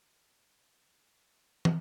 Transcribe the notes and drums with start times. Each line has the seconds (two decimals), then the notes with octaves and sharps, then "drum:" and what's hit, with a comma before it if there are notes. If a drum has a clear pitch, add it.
0.15 A#3
0.37 D#3
0.60 F4
0.83 C#4
1.05 F#3
1.65 drum: tom